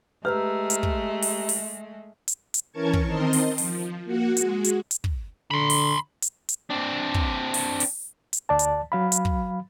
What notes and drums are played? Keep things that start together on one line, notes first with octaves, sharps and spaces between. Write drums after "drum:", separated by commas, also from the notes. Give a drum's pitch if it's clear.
G#3 A3 G4 B4 A#5 E6 F6
drum: hi-hat
drum: kick
drum: open hi-hat
drum: open hi-hat
drum: hi-hat
drum: hi-hat
E3 C#4 A#4 A5 C#6 G#6
drum: kick
D#3 C4 A#4 D#5 A5 C6
drum: open hi-hat
F3, drum: open hi-hat
A#3 F#4 F#5
G#3 F#4, drum: hi-hat
drum: hi-hat
drum: hi-hat
drum: kick
D3 B5 C6
drum: open hi-hat
drum: hi-hat
drum: hi-hat
C4 D4
drum: kick
drum: open hi-hat
drum: open hi-hat
drum: hi-hat
D2 D5 A5
drum: hi-hat
F#3 F5 B5
drum: hi-hat
drum: kick